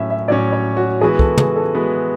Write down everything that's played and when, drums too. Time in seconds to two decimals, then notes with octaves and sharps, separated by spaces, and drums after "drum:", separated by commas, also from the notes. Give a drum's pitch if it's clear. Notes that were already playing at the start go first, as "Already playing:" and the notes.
Already playing: A2 F#3 C#4 E5
0.10 E5
0.28 A2 F#3 C#4 D5
0.52 C#5
0.77 F#4
1.01 E3 G#3 B3 F#4 G#4 B4
1.19 A4, drum: kick
1.37 G#4, drum: tom
1.56 A4
1.74 E3 G#3 B3 F#4 B4